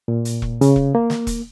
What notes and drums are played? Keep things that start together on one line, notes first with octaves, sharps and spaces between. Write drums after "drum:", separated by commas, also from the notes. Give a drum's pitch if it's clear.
A#2
drum: hi-hat
drum: kick E1
C#3, drum: hi-hat
drum: kick E1
A#3
drum: snare
drum: kick E1, hi-hat